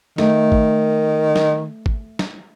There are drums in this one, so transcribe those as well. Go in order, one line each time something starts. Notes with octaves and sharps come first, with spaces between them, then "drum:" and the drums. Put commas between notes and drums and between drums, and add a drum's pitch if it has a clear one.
D#3 A3, drum: snare
drum: kick G#1
drum: snare
drum: kick G#1
drum: snare